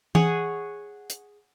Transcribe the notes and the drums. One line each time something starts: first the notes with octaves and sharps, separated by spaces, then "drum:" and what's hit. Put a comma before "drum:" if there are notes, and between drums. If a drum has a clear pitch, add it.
G#4 C#5 F#5, drum: tom E3
drum: hi-hat